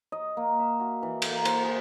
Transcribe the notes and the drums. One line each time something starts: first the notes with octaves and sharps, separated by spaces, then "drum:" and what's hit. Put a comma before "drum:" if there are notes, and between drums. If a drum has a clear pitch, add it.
D#5
A#3
E5
F#4
E3
drum: cymbal
A#3
C5, drum: cymbal
G#4